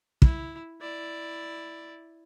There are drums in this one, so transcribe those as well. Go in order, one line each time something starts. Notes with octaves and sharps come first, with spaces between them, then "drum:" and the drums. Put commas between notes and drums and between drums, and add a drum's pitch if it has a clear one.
E4, drum: kick
E4 D5